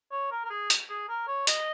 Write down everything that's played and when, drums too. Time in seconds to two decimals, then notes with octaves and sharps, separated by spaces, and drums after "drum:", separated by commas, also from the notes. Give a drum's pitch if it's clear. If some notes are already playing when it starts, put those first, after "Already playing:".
0.12 C#5
0.32 A#4
0.45 A#4
0.50 G#4
0.70 drum: hi-hat
0.90 G#4
1.09 A#4
1.28 C#5
1.47 D#5, drum: hi-hat